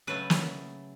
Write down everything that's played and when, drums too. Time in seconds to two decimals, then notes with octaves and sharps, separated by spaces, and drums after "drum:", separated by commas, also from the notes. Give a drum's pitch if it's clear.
0.07 C#3 F#3 A3 B4
0.30 drum: snare